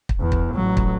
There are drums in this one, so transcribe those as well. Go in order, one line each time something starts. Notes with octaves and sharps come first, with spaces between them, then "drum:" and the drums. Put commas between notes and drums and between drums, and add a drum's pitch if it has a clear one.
drum: kick
E2
drum: kick
A1 F#3
drum: kick